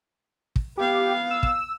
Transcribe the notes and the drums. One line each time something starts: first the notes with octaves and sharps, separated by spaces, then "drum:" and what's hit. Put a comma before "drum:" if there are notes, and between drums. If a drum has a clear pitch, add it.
drum: kick
B3 G4 F5
E6
drum: kick